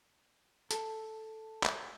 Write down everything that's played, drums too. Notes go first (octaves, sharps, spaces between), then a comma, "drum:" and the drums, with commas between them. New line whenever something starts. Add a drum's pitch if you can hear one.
A4, drum: hi-hat
drum: clap